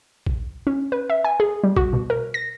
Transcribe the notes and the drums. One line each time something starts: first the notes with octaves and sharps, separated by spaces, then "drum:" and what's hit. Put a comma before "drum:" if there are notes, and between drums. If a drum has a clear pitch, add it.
drum: kick A#1
C#4
B4
E5
G#5
G#4
G3
F#4, drum: kick A#1
B2
A#4
A#6